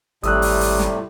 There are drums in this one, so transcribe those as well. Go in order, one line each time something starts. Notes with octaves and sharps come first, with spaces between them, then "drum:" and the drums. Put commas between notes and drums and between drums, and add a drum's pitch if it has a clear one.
G#1 A2 C3 G3 A3 D#6 E6 F#6, drum: hi-hat
drum: open hi-hat
drum: open hi-hat
drum: snare